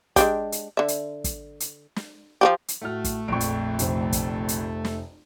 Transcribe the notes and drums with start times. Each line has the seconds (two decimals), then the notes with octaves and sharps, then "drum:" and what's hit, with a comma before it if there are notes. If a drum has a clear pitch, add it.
0.16 G#3 D4 G4, drum: kick, hi-hat
0.52 drum: hi-hat
0.77 D3 E5
0.88 drum: hi-hat
1.24 drum: kick, hi-hat
1.60 drum: hi-hat
1.96 drum: snare
2.41 F3 F#4 G4
2.68 drum: hi-hat
2.81 A2 A3 F#4 F6
3.04 drum: kick, hi-hat
3.28 A#1 F2 C#6 D7
3.40 drum: hi-hat
3.79 F1 C5, drum: hi-hat
4.12 drum: kick, hi-hat
4.48 drum: hi-hat
4.85 drum: snare